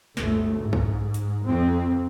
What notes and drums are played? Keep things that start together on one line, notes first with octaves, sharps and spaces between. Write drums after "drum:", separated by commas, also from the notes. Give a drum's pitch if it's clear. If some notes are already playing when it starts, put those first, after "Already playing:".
G1 D2 A3, drum: snare
G#2
drum: kick A#1
drum: hi-hat
F2 C4